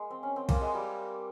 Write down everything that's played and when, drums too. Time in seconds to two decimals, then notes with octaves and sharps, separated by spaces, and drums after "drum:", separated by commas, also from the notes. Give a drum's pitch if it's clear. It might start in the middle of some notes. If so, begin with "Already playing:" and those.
Already playing: G#3 A#3
0.11 C4
0.23 C#4
0.36 C4
0.49 A#3, drum: kick, cymbal
0.61 G#3
0.74 G3